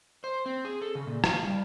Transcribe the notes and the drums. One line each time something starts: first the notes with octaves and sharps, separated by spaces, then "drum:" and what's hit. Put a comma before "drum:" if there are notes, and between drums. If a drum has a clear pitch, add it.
C5
C4
G#4
A4
C#3
A#2
F5, drum: rim click
G3